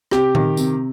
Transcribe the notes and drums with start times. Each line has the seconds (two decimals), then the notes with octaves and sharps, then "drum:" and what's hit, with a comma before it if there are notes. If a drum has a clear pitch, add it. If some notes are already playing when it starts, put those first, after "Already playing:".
0.11 C3 G4, drum: rim click
0.35 D#3, drum: tom A#2
0.57 C3, drum: tambourine